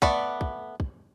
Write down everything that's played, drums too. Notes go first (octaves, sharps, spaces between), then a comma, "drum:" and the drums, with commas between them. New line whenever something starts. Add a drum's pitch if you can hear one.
A3 B3 D5, drum: kick
drum: kick
drum: kick